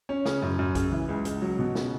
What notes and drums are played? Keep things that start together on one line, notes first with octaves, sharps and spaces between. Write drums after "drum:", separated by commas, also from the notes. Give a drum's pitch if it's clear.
C#4
C#3, drum: snare
F#2
F#2
C#3, drum: kick, hi-hat
E3
C#2
C#2, drum: hi-hat
F#3
B2
C#3, drum: snare